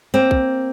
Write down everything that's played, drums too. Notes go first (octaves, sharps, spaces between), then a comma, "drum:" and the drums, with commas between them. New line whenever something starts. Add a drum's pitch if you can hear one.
A#3 C4
drum: kick